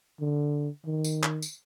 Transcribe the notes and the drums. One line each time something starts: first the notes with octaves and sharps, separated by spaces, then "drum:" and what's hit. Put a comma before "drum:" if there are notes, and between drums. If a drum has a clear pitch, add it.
D3
D#3
drum: tambourine
drum: clap
drum: tambourine